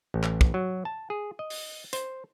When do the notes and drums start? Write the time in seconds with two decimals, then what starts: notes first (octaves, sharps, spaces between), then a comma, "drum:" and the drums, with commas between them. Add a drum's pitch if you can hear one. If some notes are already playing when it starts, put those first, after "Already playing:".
0.14 A1
0.23 drum: clap
0.41 drum: kick
0.54 F#3
0.85 A5
1.10 G#4
1.39 D#5
1.50 drum: open hi-hat
1.93 C5, drum: hi-hat